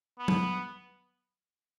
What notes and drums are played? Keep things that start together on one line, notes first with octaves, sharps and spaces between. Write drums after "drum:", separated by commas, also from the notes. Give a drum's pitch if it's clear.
B3
drum: tom F#3